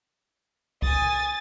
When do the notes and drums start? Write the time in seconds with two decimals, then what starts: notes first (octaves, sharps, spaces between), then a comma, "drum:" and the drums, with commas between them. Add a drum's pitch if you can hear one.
0.82 G#5 D#6 A6, drum: kick C2